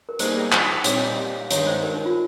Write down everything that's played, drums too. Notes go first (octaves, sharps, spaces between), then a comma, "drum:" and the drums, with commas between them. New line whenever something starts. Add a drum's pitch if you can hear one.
A#4
G3 A#3 D#4 G#4 C5, drum: hi-hat
drum: clap
A#2 G3 C4 D#4 G4 C#5, drum: hi-hat
F5
F5
G2 D#3 G#3 D#4 C#5, drum: hi-hat
C5
A#4
D#4
F4